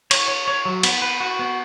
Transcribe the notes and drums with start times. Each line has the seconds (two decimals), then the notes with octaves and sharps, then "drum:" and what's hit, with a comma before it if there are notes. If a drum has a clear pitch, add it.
0.11 C#5, drum: cymbal
0.28 C#5
0.48 C#5
0.65 F#3
0.83 B3, drum: cymbal
1.02 B4
1.21 F#4
1.39 B3